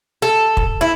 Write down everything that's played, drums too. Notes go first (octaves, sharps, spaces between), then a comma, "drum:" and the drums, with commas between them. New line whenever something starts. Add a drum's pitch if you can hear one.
A4
drum: kick
E4